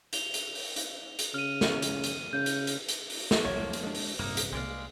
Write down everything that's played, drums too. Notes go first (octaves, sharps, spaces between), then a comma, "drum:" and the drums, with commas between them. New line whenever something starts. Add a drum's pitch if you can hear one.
F7 G7, drum: hi-hat
drum: hi-hat
drum: open hi-hat
drum: hi-hat
drum: hi-hat
C#3 F6 D#7
drum: snare
drum: hi-hat
drum: hi-hat
C#3 G6 D#7
drum: hi-hat
drum: hi-hat
drum: hi-hat
drum: open hi-hat
drum: snare
E1 C2 F3 F#3 A#3 C#5
drum: hi-hat
G#3 D4
drum: open hi-hat
D1 A1 G2 C3 A#3 D#4
drum: hi-hat
C2 F3 G#3 A#3 D5 F5